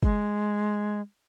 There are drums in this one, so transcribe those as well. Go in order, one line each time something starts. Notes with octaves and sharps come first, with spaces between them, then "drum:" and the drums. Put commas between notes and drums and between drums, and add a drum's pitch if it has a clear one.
G#3, drum: kick